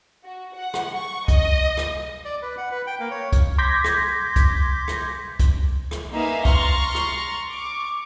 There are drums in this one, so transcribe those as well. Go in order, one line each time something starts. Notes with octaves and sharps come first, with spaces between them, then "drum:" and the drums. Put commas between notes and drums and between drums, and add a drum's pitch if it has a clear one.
F#4
F#5
drum: rim click
C#6
D#5, drum: kick C2, hi-hat
drum: rim click
D5
B4
F#5
B4
G5
A#3
C#5
drum: kick C2, hi-hat
C6 D6 G6 G#6 A#6 B6
drum: rim click
drum: kick C2, hi-hat
drum: rim click
drum: kick C2, hi-hat
drum: rim click
A#3 B3 D#4 G#4 E5 F5
A#5 C6 C#6 F6 A6 A#6, drum: kick C2, hi-hat
drum: rim click
C#6 D6